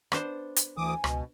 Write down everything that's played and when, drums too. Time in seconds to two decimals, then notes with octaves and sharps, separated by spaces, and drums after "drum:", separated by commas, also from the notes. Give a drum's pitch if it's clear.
0.12 B3 D4 C5, drum: rim click
0.56 drum: hi-hat
0.77 D2 E3 G#5 D6 D#6
1.04 C#2 B2, drum: rim click